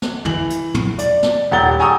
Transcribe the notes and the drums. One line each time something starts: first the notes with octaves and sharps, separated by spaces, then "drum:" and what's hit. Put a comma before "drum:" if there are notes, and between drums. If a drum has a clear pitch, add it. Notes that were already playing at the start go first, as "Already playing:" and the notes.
drum: snare
E3 F#7, drum: tom
drum: hi-hat
drum: tom
D5, drum: hi-hat
drum: snare
D#1 G4 F#5 A#5 A6 G7
G5 G#5 A#5 C#6 D#6 E6